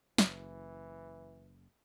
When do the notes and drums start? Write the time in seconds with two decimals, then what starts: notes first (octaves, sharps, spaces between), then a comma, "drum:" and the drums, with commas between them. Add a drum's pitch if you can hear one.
0.18 F#1 E3, drum: snare